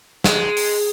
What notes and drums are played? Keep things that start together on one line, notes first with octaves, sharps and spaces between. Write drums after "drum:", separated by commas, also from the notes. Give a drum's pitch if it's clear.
G#3, drum: snare
drum: open hi-hat